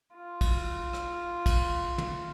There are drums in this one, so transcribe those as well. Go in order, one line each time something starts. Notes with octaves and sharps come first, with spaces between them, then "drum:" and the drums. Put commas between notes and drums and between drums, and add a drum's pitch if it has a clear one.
F4
drum: kick, cymbal
drum: rim click
drum: kick, cymbal
drum: tom